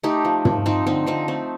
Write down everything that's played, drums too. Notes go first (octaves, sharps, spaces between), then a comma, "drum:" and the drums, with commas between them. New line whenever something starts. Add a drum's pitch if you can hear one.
A3 D#4 G4
F3
F3, drum: tom
F3 C4 D#4
D3 C4 D#4
F3 C4 D#4
A3 C4